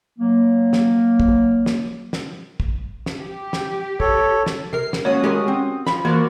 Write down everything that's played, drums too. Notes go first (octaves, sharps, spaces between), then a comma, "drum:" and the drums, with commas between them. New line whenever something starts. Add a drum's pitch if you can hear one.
F#3 A#3
drum: snare
drum: kick
drum: snare
drum: snare
drum: kick
drum: snare
G4
drum: snare
A4 C#5, drum: kick
drum: snare
C3 A#4 C7
drum: snare
G#3 A#3 C#4 F#4 C#5 D#6
G#3 G4 G#4 A#4
C4
F3 B5, drum: snare
E3 A#3 F#4 A#4 D5